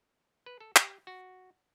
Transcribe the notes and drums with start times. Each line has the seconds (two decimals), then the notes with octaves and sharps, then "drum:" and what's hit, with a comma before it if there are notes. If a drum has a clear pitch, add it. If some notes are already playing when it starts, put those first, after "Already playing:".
0.46 B4
0.60 A4
0.76 G4, drum: clap
1.07 F#4